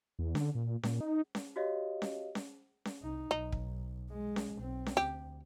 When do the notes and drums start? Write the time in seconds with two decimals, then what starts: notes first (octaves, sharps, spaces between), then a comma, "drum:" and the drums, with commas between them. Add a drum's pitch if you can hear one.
0.19 E2
0.35 D3, drum: snare C#4
0.55 A#2
0.83 A#2, drum: snare C#4
1.00 D#4
1.35 drum: snare C#4
1.56 F#4 G4 C#5 D#5 F5
2.02 drum: snare C#4
2.35 drum: snare C#4
2.85 drum: snare C#4
3.02 C2 D#4
3.31 B1 D#4
3.52 drum: kick
4.10 G#3
4.36 drum: snare C#4
4.57 B1 C4
4.86 drum: snare C#4
4.97 D2 G4